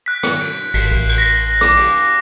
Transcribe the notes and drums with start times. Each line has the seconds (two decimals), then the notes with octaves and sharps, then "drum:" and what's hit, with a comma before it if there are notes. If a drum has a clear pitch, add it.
0.06 F#6 B6
0.23 drum: rim click
0.40 drum: cymbal
0.74 G#1 B6 C7, drum: cymbal
0.92 A1 F#6
1.09 drum: cymbal
1.18 A#6 B6
1.61 D6, drum: rim click
1.77 drum: cymbal